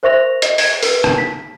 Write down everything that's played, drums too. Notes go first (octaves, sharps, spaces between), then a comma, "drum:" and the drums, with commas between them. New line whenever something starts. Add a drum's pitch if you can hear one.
A#4 C5 E5 C#6 A#6 F7
D#5, drum: hi-hat
G#6, drum: open hi-hat
A#4 B4, drum: open hi-hat
drum: rim click
B6